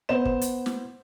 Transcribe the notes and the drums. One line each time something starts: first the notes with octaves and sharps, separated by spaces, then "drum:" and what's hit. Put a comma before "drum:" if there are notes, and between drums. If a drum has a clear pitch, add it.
B3 C5 E7
drum: kick
drum: hi-hat
drum: snare